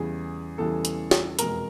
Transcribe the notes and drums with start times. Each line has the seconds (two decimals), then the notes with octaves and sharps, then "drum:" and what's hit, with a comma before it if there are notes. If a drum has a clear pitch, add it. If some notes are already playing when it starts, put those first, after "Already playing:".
Already playing: E2 C#3 E3 G3 G#4
0.58 E2 C#3 E3 G3 A4
0.85 drum: hi-hat
1.11 drum: snare
1.39 F1 E2 B2 G#3 A#4, drum: hi-hat